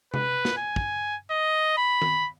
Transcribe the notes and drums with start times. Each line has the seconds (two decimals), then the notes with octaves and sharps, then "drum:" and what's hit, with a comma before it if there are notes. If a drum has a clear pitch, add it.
0.14 B4, drum: tom C3
0.45 drum: snare
0.57 G#5
0.76 drum: kick
1.31 D#5
1.78 B5
2.02 drum: tom D#3